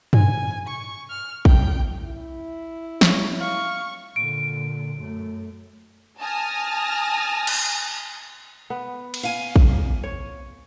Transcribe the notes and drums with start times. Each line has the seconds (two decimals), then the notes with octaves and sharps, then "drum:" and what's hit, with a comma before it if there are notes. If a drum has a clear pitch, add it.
0.13 G#5, drum: tom
0.68 C#6
1.10 F6
1.45 G5, drum: kick
2.04 E4
3.01 C#5, drum: snare
3.41 F5 C#6
4.16 A#2 D3 D7
4.99 F#2 A3
6.20 G#5 A5 D#6 F6 A#6
7.47 drum: cymbal
8.70 B3
9.14 drum: cymbal
9.23 F5 G#5
9.56 drum: kick
10.03 C#5